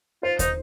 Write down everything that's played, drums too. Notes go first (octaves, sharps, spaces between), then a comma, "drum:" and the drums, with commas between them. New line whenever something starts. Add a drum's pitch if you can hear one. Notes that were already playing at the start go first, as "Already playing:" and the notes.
F4 C5
D#4 C5, drum: kick, hi-hat